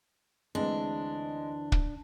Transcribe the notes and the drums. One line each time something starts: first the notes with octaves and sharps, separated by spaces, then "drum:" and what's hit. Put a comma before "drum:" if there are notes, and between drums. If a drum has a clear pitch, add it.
D2 E3 G#3 C4 D4
drum: kick